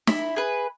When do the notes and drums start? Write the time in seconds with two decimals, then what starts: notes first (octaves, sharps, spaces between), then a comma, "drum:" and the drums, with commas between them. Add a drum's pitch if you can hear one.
0.07 E4, drum: snare
0.36 G#4 B4